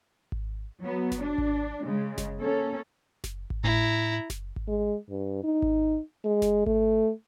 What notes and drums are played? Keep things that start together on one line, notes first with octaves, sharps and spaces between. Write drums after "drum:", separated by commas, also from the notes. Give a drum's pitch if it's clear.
drum: kick G#1
F#3 B3
drum: snare F#1
D4
drum: kick G#1
C#3 G#3
drum: snare F#1
A#3 C#4 A4
drum: snare F#1
drum: kick G#1
A2 E4 A#5
drum: snare F#1
drum: kick G#1
G#3
G2
D#4
drum: kick G#1
G#3
drum: snare F#1
A3, drum: kick G#1